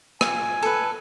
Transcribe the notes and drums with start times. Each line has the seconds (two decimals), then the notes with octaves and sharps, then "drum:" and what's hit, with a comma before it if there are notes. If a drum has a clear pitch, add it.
0.21 G#5, drum: rim click
0.62 A4 B4